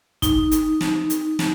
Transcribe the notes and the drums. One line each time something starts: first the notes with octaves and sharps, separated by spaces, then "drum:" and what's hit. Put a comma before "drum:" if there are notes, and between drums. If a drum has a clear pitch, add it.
D#4, drum: kick, hi-hat
drum: hi-hat
drum: snare
drum: hi-hat
drum: snare